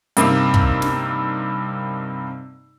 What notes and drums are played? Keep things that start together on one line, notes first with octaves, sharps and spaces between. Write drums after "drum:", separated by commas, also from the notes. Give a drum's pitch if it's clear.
G2 C3 A#3 C4 D#4, drum: hi-hat
drum: kick
drum: snare